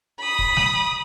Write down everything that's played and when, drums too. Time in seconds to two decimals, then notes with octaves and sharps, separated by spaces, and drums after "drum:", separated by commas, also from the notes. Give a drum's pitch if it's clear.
0.21 B5 D#6
0.39 drum: kick
0.56 drum: snare